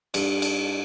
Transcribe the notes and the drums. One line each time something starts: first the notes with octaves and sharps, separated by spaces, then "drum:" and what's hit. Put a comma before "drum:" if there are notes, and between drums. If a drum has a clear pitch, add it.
G2, drum: cymbal
drum: cymbal